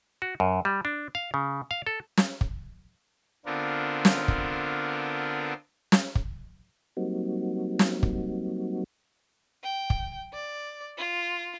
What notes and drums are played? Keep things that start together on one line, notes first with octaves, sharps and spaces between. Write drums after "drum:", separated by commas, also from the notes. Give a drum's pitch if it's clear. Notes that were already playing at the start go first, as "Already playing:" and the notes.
F#4
F#2
G3
D4
F5
C#3
F5
A4
drum: snare
drum: kick
D3 B3 C4 D4 F4 A#4
drum: snare
drum: kick
drum: snare
drum: kick
F#3 G3 A#3 C4 D#4 F#4
drum: snare
drum: kick
G5
drum: kick
D5
F4